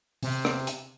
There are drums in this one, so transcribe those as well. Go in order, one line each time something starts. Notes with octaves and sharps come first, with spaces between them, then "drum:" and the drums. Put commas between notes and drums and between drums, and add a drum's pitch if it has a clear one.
C3, drum: open hi-hat
drum: rim click
drum: hi-hat